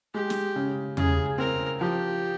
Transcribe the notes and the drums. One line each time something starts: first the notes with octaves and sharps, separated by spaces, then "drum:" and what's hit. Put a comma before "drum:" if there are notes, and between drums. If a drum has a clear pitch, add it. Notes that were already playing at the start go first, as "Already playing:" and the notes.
G#3 G4
drum: snare
C#3
C#3 G#4, drum: tom E2
C4 A#4
F3 G4